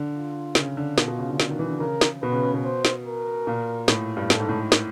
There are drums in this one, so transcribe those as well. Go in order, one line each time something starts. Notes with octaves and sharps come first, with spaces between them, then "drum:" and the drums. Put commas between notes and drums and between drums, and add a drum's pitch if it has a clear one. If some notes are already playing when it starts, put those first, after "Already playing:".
Already playing: D3
F4
C#3, drum: snare
D3
B2 F4, drum: snare
B2
C#3
D3
D3, drum: snare
D#3
E3
D3
C#3 A#4
drum: snare
B2 B4
C#3
C#3
B2
C5
drum: snare
A#4
A#2
A2, drum: snare
G2
A2 A4, drum: snare
G#2
A2
drum: snare